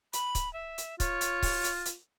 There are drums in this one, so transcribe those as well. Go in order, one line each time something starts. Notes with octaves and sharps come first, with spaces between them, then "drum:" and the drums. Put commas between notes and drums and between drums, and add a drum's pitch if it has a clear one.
B5, drum: hi-hat
drum: kick C#1, hi-hat
E5
drum: hi-hat
F4 C#5, drum: kick C#1, hi-hat
drum: hi-hat
drum: kick C#1, open hi-hat
drum: hi-hat
drum: hi-hat